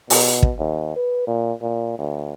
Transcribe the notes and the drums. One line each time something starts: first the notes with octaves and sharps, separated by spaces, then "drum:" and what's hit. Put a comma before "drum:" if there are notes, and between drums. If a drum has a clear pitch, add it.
B2, drum: open hi-hat
drum: kick
D#2
B4
A#2
A#2
D2